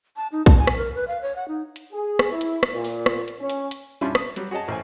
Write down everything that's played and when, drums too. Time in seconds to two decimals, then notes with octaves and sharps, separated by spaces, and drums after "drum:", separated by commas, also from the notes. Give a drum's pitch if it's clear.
0.17 A5
0.32 D#4
0.46 A5, drum: kick A#1, hi-hat
0.58 G#5
0.67 drum: rim click
0.77 A#4
0.95 B4
1.08 F5
1.22 C#5
1.36 F#5
1.48 D#4
1.76 drum: hi-hat
1.92 G#4
2.19 drum: rim click
2.31 E4
2.41 drum: hi-hat
2.63 drum: rim click
2.73 A#2
2.84 drum: open hi-hat
3.06 drum: rim click
3.28 drum: hi-hat
3.40 C#4
3.50 drum: hi-hat
3.71 drum: hi-hat
4.01 G3 C#4 D4 E4 F4
4.15 D#6, drum: rim click
4.36 F#3 G3, drum: hi-hat
4.51 F#4 G#4 C#5 D#5 A5
4.68 A1 C5 G#5